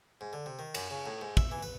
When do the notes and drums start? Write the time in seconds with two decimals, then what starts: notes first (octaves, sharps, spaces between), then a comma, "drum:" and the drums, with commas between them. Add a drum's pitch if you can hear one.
0.21 G#2
0.33 D3
0.46 C3
0.59 D#3
0.75 F#2, drum: cymbal
0.90 C#3
1.06 A2
1.21 G#2
1.37 E5, drum: kick
1.51 E3
1.63 B4